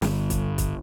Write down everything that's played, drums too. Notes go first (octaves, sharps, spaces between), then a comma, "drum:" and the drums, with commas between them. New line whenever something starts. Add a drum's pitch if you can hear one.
G1, drum: snare
drum: kick, hi-hat
drum: kick, hi-hat